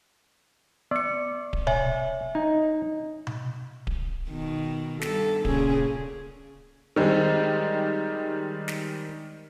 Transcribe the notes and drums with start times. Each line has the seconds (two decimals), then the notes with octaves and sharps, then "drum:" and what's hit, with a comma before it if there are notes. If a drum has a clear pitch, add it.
0.91 B3 D5 C#7
1.53 drum: kick D1
1.67 C#5 E5 G#5, drum: tom B2
2.35 D#4 D#5
3.27 drum: tom B2
3.87 drum: kick D1
4.30 B2 D#3
5.01 G2 A4, drum: snare
5.45 A#2 C#3 C#4 G#4, drum: kick D1
6.96 D#3 G3 G#3 C4
8.68 drum: snare